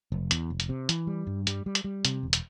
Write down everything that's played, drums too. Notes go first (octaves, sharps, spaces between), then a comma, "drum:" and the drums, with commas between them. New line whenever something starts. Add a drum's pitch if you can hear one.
F1
E2, drum: hi-hat
F1
drum: hi-hat
C3
E3, drum: hi-hat
G3
G2
G3, drum: hi-hat
G3
drum: hi-hat
G3
C3, drum: hi-hat
E1
drum: hi-hat